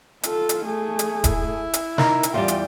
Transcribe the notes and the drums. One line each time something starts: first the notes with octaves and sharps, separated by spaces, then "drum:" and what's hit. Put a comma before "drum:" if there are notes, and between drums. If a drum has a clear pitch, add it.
F4 A4, drum: hi-hat
drum: hi-hat
A3 G#4
drum: hi-hat
E4, drum: kick D#1, hi-hat
drum: hi-hat
D#4 A#4, drum: snare
drum: hi-hat
E2 G3 F4 G5
drum: hi-hat